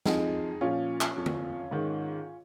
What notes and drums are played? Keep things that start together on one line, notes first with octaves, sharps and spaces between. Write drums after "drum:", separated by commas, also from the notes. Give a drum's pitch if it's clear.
F2 F3 D#4 G#4, drum: snare
A#2 F3 C#4 F4
drum: clap
F2 F3
drum: tom D3
G#2 D#3